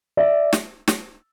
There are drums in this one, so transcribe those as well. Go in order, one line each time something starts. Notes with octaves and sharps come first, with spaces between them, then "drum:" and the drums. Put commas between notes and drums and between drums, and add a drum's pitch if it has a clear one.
D5 E5
drum: snare
drum: snare